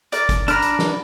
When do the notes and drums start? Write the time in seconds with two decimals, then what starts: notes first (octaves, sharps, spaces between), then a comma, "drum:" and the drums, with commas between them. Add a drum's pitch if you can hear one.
0.12 A#4 D5, drum: hi-hat
0.29 drum: kick, hi-hat
0.48 D4 D5 A#5 B5 F6, drum: hi-hat
0.62 drum: hi-hat
0.79 drum: snare